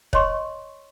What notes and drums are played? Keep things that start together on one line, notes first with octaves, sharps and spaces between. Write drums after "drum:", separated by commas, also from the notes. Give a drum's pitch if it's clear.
C#5 D#5 C6 C#6, drum: kick E1